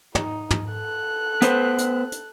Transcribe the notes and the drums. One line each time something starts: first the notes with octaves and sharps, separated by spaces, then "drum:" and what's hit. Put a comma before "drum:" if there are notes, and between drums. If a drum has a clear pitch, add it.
D#4, drum: tom
drum: tom
A4 F#6
B3 B4 C5, drum: hi-hat
drum: hi-hat
drum: hi-hat